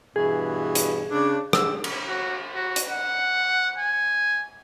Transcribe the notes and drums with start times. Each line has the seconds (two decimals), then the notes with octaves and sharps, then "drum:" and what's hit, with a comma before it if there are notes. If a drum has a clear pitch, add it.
0.16 G2 B2 E3 G#4
0.75 drum: hi-hat
1.11 C#3 D4
1.53 G#2 G4 E6, drum: rim click
1.84 drum: cymbal
2.07 F#4
2.54 F#4
2.76 drum: hi-hat
2.89 F#5
3.78 G#5